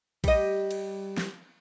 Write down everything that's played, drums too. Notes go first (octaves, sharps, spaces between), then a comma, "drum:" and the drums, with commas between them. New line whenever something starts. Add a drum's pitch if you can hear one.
G3 D#5, drum: kick, cymbal
drum: cymbal
drum: snare